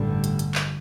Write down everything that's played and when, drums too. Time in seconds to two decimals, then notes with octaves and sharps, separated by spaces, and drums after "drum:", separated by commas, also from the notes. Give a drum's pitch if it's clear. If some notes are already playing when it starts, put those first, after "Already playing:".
Already playing: A1 G2 D3 G3
0.24 drum: hi-hat
0.39 drum: hi-hat
0.55 drum: clap